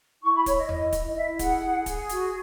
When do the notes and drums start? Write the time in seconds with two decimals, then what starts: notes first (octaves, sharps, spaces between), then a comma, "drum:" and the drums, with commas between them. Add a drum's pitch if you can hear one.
0.23 E4 C#6
0.35 B5
0.46 E4 C#5, drum: kick, hi-hat
0.58 D#5
0.69 E4 D#5, drum: tom E2
0.92 E4, drum: kick, hi-hat
1.07 D#5
1.16 E4 E5
1.39 G#4 F#5, drum: kick, hi-hat
1.64 G#4
1.86 G#4, drum: kick, hi-hat
2.09 F#4, drum: hi-hat